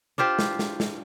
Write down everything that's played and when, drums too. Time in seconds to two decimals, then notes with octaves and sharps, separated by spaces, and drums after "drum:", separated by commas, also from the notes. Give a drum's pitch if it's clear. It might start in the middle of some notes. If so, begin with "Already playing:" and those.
0.18 D4 F4 G4 C5
0.39 drum: snare
0.59 drum: snare
0.80 drum: snare